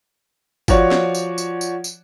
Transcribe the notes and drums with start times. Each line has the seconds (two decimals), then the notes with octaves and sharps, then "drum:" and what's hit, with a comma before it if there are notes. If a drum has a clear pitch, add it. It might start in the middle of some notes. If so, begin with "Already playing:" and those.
0.68 F3 F#4 C#5 D5, drum: kick, tambourine
0.91 drum: snare
1.15 drum: tambourine
1.38 drum: tambourine
1.61 drum: tambourine
1.84 drum: tambourine